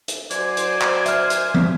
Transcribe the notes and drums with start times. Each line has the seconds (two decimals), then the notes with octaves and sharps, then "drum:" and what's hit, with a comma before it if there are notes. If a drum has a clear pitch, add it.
0.08 drum: hi-hat
0.31 F#3 C5 D5 G#5 G#6, drum: hi-hat
0.57 drum: hi-hat
0.81 drum: clap
1.06 E5 F6, drum: hi-hat
1.30 drum: hi-hat
1.54 drum: tom